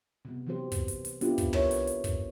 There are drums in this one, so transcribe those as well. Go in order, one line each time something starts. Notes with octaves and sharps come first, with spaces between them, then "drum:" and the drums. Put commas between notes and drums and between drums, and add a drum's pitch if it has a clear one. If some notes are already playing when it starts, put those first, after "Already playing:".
C3 B3
E3 F#3 C4 G4 C5
drum: kick, hi-hat
drum: hi-hat
drum: hi-hat
B3 C4 D4 E4 F4 G4, drum: hi-hat
drum: kick, hi-hat
E4 G4 A#4 B4 C#5 E5, drum: tom
drum: hi-hat
drum: hi-hat
drum: kick, hi-hat